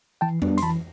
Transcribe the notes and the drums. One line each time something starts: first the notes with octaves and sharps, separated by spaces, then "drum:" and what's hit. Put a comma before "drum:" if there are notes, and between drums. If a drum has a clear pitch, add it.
E3 G5 A5
G3 B3 D4, drum: tom F2
C6, drum: hi-hat
E3 A5 B5